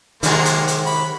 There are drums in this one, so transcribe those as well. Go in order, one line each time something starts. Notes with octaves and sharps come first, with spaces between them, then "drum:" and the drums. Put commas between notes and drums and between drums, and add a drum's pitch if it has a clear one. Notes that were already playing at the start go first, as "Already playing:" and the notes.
G#2 C3 D#3 F#3 G#3 A#3 C5, drum: hi-hat
drum: hi-hat
drum: hi-hat
B5